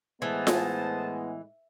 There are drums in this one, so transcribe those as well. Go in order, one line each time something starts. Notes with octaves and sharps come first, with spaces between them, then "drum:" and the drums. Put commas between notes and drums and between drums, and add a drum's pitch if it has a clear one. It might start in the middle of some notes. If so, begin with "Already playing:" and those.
A2 E3 G#3 B3 C5 D#5 A5
drum: snare F4